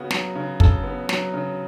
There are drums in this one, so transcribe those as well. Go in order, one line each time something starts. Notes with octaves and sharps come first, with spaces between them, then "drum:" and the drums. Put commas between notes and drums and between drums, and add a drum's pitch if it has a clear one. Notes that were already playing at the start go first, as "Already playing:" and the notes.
Already playing: C#3 B3 F#4
F#3, drum: snare
C#3
C#3 A4, drum: kick
B3
F#3, drum: snare
C#3